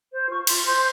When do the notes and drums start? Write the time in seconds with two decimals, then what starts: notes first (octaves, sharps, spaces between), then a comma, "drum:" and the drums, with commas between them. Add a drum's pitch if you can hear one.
0.10 C5
0.29 F4 C#6
0.47 F4 C6, drum: cymbal
0.65 C5 C6